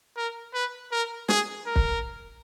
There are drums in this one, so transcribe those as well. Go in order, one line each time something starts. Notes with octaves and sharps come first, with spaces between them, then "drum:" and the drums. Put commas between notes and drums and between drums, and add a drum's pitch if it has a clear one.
A#4
B4
A#4
G#4, drum: snare
A#4
drum: kick